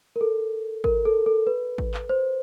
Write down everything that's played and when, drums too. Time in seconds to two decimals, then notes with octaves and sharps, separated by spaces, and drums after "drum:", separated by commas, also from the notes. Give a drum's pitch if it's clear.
0.16 A#4
0.21 A4
0.84 A#4, drum: kick G#1
1.05 A4
1.26 A4
1.47 B4
1.78 drum: kick G#1
1.94 drum: clap
2.09 C5